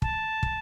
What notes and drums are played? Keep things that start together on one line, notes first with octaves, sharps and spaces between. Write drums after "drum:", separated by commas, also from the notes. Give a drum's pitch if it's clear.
A5, drum: kick
drum: kick